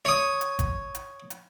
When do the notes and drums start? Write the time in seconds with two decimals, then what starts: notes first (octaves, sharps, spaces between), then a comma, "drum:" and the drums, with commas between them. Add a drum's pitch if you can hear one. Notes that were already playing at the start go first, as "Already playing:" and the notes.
0.05 C#5 D#6
0.41 drum: hi-hat
0.59 drum: kick G#1, hi-hat
0.95 drum: hi-hat
1.30 drum: hi-hat